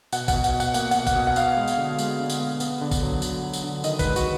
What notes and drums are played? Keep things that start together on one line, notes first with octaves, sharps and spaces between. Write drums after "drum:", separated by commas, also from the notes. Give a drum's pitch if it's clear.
B2 F#5, drum: tambourine
F#5, drum: kick A1, tambourine
B2
F#5, drum: tambourine
B2
F#5, drum: tambourine
A#3 F#5, drum: tambourine
F#5, drum: tambourine
B2
F#5, drum: kick A1, tambourine
B2
F#5
B3 F5, drum: tambourine
G#3
drum: tambourine
D3
G#3, drum: tambourine
D3
drum: tambourine
B3
B3, drum: tambourine
D3
drum: kick A1, tambourine
F#3
D3, drum: tambourine
F#3
drum: tambourine
D3
D#3 D#5, drum: tambourine
B4, drum: kick A1, tambourine
G#3
F#4, drum: tambourine